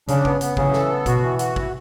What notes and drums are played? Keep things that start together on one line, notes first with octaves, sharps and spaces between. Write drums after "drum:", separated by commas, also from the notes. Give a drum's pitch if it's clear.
C#3 D4, drum: hi-hat
B3, drum: kick
B3, drum: hi-hat
C#3 E3, drum: kick
A4, drum: snare
B3
B2 F#4, drum: kick, hi-hat
E3
F#4, drum: hi-hat
E3, drum: kick